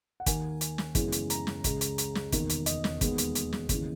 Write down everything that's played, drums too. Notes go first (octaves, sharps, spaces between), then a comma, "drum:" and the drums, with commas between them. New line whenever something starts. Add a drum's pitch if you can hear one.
F#5
D#2 D#3 A#3 G#5, drum: kick, hi-hat
drum: hi-hat
drum: snare
F#2 C#3 E3 G#3 B3, drum: kick, hi-hat
drum: hi-hat
A#5, drum: hi-hat
drum: snare
C#2 C#3 G#3, drum: kick, hi-hat
drum: hi-hat
drum: hi-hat
drum: snare
E1 D#2 D#3 A#3, drum: kick, hi-hat
drum: hi-hat
D#5, drum: hi-hat
drum: snare
E1 D#2 D#3 G#3 B3, drum: kick, hi-hat
drum: hi-hat
drum: hi-hat
drum: snare
D#2 C#3 E3, drum: kick, hi-hat